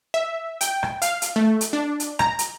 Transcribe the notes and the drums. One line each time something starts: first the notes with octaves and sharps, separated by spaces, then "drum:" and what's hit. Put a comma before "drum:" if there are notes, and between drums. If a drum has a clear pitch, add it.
E5
G5, drum: hi-hat
drum: rim click
F5, drum: hi-hat
drum: hi-hat
A3
drum: hi-hat
D4
drum: hi-hat
A#5, drum: rim click
drum: hi-hat